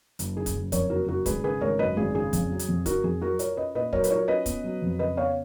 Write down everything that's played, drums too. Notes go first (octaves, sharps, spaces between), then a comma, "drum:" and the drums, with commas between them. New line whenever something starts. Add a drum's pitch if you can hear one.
F#1, drum: hi-hat
C#3 G#4
drum: kick, hi-hat
F#1
F2 A#4 C#5, drum: kick, hi-hat
F#1 F#4 A#4
C#3 F#4 A#4
G#1 G#4 B4, drum: kick, hi-hat
C#3 G#4 B4
G#1 A#4 C#5
F#2 B4 D#5
G#1 G#4
C#3 G#4
F2, drum: kick, hi-hat
F#3
drum: hi-hat
F2
C#3 F#4 A#4, drum: kick, hi-hat
F2 G#4
F#3 F#4 A#4
F4 A#4 C#5, drum: hi-hat
C#4 B4 D#5
A#2 B4 D#5
F#3 A#4 C#5, drum: kick
B4, drum: hi-hat
F4 A#4 C#5
C#4 B4 D#5
B3, drum: kick, hi-hat
F#3
F2
C#3 B4 D#5
B3 C#5 F5